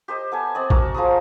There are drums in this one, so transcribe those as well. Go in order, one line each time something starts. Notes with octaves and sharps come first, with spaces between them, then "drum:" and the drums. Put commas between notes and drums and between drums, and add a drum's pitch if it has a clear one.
G4 C5 D#5
B3 A4 G#5
C4 D5 D#5
F#4 A#4 E5 D6, drum: kick
F3 G#4 C6 D#6